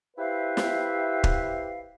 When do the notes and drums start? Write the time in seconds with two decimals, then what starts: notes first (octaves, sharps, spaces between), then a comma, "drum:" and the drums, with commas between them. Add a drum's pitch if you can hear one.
0.17 E4 G4 B4 C5 E5 F5
0.57 drum: snare
1.24 drum: kick